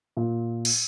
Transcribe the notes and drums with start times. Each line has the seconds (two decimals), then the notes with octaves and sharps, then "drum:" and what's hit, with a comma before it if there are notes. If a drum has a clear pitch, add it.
0.17 A#2
0.65 drum: cymbal